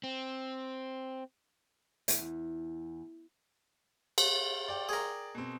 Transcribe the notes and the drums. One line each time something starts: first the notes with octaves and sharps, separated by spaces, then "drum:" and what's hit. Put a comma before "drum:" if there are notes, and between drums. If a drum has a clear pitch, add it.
C4
E2, drum: hi-hat
drum: cymbal
D5 G5
G#4 A#4
B2 C4